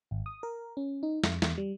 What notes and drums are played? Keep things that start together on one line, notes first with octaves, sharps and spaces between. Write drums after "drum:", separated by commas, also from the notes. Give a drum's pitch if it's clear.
G#1
D#6
A#4
C#4
D#4
F2, drum: snare
E2, drum: snare
G3